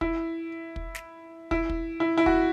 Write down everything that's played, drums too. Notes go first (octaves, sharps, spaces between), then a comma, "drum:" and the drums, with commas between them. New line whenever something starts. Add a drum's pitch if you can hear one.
E4, drum: kick
drum: kick
drum: snare
E4, drum: kick
drum: kick
E4
E4
F#4, drum: kick